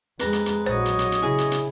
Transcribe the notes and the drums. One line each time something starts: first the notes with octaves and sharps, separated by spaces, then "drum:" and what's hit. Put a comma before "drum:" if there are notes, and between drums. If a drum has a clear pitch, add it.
F2 G#3 B4 A#5, drum: hi-hat
drum: hi-hat
drum: hi-hat
A#1 F#3 C5 C#5 D#5
drum: hi-hat
drum: hi-hat
drum: hi-hat
C#3 E4 G#4
drum: hi-hat
drum: hi-hat